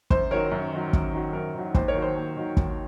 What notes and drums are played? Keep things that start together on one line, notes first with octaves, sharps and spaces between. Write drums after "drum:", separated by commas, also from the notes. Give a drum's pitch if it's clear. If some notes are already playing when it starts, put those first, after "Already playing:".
F#2 C5, drum: kick
D#3 F#3 A#4 C#5
F#2
D#3 F#3
F#2, drum: kick
D#3 F#3
F#2 A#4
D#3 F#3
D#2 C5, drum: kick
A#4 C#5
D#3 F#3
C5
D#2
D#3 F#3
D#2, drum: kick